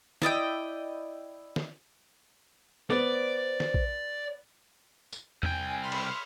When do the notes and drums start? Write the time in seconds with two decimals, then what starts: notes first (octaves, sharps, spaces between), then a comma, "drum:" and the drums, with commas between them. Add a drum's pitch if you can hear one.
0.22 E4 D5 D#5 G5, drum: snare
1.56 drum: snare
2.90 B3 C5 D5
3.60 drum: snare
3.74 drum: kick A#1
5.12 drum: tambourine
5.43 C2 G5 G#5, drum: tom E2
5.82 B5 C6 F6
5.92 drum: cymbal